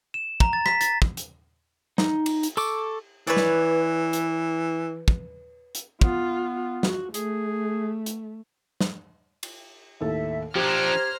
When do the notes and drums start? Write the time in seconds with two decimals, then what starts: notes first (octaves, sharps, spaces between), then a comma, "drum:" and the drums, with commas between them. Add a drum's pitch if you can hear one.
0.14 E7
0.40 A#5, drum: kick
0.53 A6
0.66 B6, drum: rim click
0.81 A6, drum: hi-hat
1.02 drum: kick
1.17 drum: hi-hat
1.98 D#4, drum: snare
2.26 drum: cymbal
2.43 drum: hi-hat
2.57 A4 C#6 D6, drum: tambourine
3.27 E3 B4 C#5 D5
3.37 drum: snare
4.13 drum: hi-hat
5.08 drum: kick
5.75 drum: hi-hat
6.01 B3 F4, drum: kick
6.83 F#4, drum: snare
7.14 A3 G#4, drum: hi-hat
8.06 drum: hi-hat
8.81 drum: snare
9.43 drum: cymbal
10.01 D#2 A2 A4 E5
10.55 F3 D4 G4 C5 A#5 F6 G#6